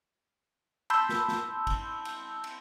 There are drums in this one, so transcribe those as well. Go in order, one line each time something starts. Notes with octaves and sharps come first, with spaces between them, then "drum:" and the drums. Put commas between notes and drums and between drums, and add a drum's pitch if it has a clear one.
A5 B5 C6 E6 G6, drum: cymbal
drum: snare
drum: snare
drum: kick, cymbal
drum: cymbal
drum: cymbal